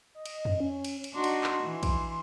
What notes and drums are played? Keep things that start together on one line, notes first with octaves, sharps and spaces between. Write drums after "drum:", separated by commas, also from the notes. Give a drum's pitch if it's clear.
D#5
drum: cymbal
drum: tom F2
C#4
drum: cymbal
drum: cymbal
D4 D#4 F#4 C6
drum: cymbal
drum: clap
E3
drum: kick, cymbal